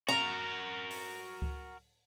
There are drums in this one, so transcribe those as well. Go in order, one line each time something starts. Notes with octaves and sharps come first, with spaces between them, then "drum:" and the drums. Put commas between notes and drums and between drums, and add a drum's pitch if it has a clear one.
F#4 A#4 A#5, drum: snare
drum: open hi-hat
drum: kick C#2